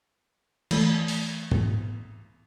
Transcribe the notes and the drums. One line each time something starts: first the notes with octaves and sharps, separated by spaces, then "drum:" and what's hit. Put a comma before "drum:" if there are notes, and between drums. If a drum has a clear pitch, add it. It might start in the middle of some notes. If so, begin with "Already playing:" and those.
E3 A3, drum: cymbal
drum: open hi-hat
drum: tom G#2